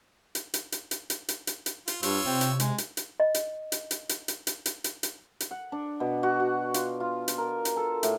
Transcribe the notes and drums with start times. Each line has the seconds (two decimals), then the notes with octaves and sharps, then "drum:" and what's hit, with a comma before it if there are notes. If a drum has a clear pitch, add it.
0.35 drum: hi-hat
0.54 drum: hi-hat
0.72 drum: hi-hat
0.91 drum: hi-hat
1.10 drum: hi-hat
1.28 drum: hi-hat
1.47 drum: hi-hat
1.66 drum: hi-hat
1.88 F4, drum: hi-hat
2.03 G2 F4 C#5 E6, drum: hi-hat
2.25 C3 C4
2.41 drum: hi-hat
2.60 G#3, drum: hi-hat
2.78 drum: hi-hat
2.97 drum: hi-hat
3.20 D#5
3.34 drum: hi-hat
3.72 drum: hi-hat
3.91 drum: hi-hat
4.09 drum: hi-hat
4.28 drum: hi-hat
4.47 drum: hi-hat
4.66 drum: hi-hat
4.84 drum: hi-hat
5.03 drum: hi-hat
5.40 drum: hi-hat
5.51 F#5
5.72 D4
6.00 B2
6.23 F#4
6.40 F#4
6.74 F4, drum: hi-hat
7.00 F4
7.28 drum: hi-hat
7.38 A#4
7.65 drum: hi-hat
7.77 A4
8.03 A2, drum: hi-hat